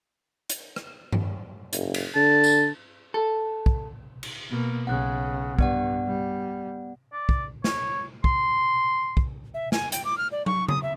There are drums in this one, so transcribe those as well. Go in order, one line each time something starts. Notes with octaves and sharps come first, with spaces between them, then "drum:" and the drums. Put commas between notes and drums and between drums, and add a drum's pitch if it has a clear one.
drum: hi-hat
drum: rim click
drum: tom G2
F#1, drum: hi-hat
drum: cymbal
D3 A5
drum: tambourine
A4
drum: kick
drum: cymbal
B2 A#3
B1 C#3 F#5 F#6
G2 B3 D5 F#5, drum: kick
G3
D5
drum: kick
C#5, drum: snare
C6, drum: kick
drum: kick
E5
G#5, drum: snare
G5, drum: hi-hat
D6
F6
D5
C#6, drum: tom
D#6, drum: tom C#3
E5